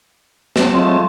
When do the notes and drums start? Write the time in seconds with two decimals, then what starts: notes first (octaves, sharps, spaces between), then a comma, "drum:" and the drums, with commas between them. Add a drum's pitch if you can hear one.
0.56 F#3 C4 A5, drum: snare
0.73 G#3 A3 F4